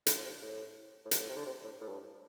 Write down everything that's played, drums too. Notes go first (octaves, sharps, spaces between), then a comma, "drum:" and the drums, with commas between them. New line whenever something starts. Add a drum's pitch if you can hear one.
D3, drum: hi-hat
A2
C3
A2
A2
G2, drum: hi-hat
A2
C3
D3
C3
A2
A2
G2